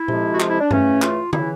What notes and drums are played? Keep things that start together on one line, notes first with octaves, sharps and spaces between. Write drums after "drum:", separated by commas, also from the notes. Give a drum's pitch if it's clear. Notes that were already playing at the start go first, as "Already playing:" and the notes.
Already playing: E4
F2 C3 F3 G#3, drum: tom A#2
F#4
F4, drum: clap
E4
D4
C#3 E3 A3 C#4, drum: tom G2
F4, drum: clap
C#3 E3 E4, drum: tom D3